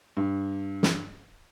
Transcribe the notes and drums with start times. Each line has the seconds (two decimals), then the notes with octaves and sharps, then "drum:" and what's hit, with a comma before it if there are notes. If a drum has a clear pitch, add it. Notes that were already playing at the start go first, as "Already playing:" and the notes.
0.17 G2
0.83 drum: snare